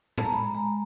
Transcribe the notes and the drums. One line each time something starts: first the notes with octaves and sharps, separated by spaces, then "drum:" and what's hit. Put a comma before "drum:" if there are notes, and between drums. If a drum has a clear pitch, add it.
A5, drum: tom A2
A#5
G#3 B5
G#3 A#5